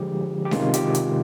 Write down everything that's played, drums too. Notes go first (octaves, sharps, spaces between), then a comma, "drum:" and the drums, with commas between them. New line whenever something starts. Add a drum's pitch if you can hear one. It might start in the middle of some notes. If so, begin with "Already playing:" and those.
Already playing: D3 F3 G#3 G4 G#4
G4
C3 D#3 G#3 F4, drum: snare C#4
G4, drum: hi-hat
drum: hi-hat